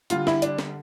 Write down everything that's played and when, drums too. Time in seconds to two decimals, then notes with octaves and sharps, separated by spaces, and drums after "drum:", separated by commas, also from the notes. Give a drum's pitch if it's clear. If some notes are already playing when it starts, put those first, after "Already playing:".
0.10 D3 G3 F4, drum: hi-hat
0.27 E4, drum: snare
0.42 D4, drum: hi-hat
0.59 drum: snare